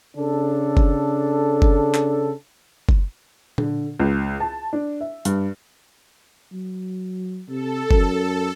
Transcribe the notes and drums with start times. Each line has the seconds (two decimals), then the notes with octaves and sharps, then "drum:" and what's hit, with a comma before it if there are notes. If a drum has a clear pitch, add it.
0.17 C#3 D4 A4
0.77 drum: kick F#1
1.62 drum: kick F#1
1.94 drum: clap
2.89 drum: kick F#1
3.58 D3, drum: tom A#2
3.99 C#2
4.40 A5
4.73 D4
5.01 E5
5.25 G2, drum: hi-hat
6.52 F#3
7.49 C3 A4
7.91 F#2, drum: kick F#1